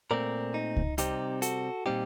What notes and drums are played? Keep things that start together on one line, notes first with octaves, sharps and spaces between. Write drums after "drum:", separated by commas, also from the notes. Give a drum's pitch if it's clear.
A#2 A3 C4 A#4 D5
D#4
drum: kick C#2
C3 G3 C4 D#4 G4, drum: hi-hat
F#4 A4, drum: hi-hat
A#2 G3 C4 D#4 G4